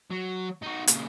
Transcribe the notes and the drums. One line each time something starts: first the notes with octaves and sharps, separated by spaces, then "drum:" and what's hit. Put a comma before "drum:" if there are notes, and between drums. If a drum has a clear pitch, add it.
F#3
D#4 F#4
A#2 C#3, drum: hi-hat